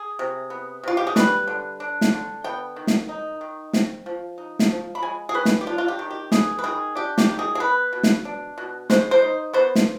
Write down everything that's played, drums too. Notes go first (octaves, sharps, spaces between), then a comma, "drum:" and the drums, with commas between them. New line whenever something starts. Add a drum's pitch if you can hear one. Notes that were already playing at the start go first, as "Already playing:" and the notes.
Already playing: G#4
C3
B3
C3 F4
G4
G#4
G3 B4, drum: snare
D3
D4
drum: snare
D3
B3 G5
D#3
drum: snare
D#4
D#3
C4, drum: snare
F3
D#4
drum: snare
F3
B5
G#3 G#5
G#4
D#3 B4
drum: snare
G4
D4 F4
F4
G4
D#3
G4
B3 G#4, drum: snare
B4
D#3 G#4
D4 G4
G4, drum: snare
D#3
G#4
G#4
B3 B4
B2
drum: snare
D4
B2
G#3 C5, drum: snare
C5
D#4
B3 C5
drum: snare